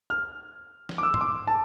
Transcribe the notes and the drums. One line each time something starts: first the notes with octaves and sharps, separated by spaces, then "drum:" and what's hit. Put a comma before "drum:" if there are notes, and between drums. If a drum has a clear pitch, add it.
F6
drum: snare
D6
E6
C6, drum: tom G#2
D6
A5